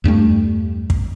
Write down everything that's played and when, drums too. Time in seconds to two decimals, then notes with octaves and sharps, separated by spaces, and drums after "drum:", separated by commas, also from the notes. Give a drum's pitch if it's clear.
0.04 E2 G2 G3 A3
0.90 drum: kick